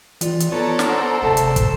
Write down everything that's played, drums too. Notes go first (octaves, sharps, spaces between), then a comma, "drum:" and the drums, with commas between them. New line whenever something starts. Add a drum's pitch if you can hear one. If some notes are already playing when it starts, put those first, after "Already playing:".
E3 F4 D5, drum: hi-hat
drum: hi-hat
B3 F4 A4 C#5 D5 A5 A#5
drum: snare
C5 F#5 E6
G1 C3 A3 A5
drum: hi-hat
drum: kick, hi-hat